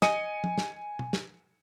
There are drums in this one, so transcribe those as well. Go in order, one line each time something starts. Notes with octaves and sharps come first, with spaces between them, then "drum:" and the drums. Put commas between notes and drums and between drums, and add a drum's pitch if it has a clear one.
D#5 G#5 C#7 D#7, drum: snare
drum: tom
drum: snare
drum: tom
drum: snare